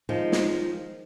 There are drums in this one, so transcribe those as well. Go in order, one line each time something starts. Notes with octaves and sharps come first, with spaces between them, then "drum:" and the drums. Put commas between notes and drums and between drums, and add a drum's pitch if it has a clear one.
D#3 F3 G#3
drum: snare